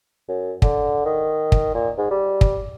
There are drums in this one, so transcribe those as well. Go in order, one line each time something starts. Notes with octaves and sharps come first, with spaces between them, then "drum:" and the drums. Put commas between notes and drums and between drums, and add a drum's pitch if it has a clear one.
F#2
D3, drum: kick
D#3
drum: kick
A#2
G#2
G3
drum: kick